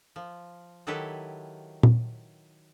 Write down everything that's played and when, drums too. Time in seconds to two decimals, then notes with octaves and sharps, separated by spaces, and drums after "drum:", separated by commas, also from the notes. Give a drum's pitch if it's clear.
0.16 F3
0.87 D#3 F#3 E4 G4 A4 B4
1.83 drum: tom A#2